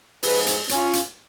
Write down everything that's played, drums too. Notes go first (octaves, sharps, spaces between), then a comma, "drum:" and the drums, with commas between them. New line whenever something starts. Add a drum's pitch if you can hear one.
G#2 F3 G#3 G#4 B4, drum: open hi-hat
drum: hi-hat
C#4 F4, drum: hi-hat
drum: hi-hat